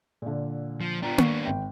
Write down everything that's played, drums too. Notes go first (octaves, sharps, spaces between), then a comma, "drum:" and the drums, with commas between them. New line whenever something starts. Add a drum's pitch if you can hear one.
A#2 D3
F3
B3 D4 F4 G5 A#5
C#6, drum: tom A#3
G#1 G5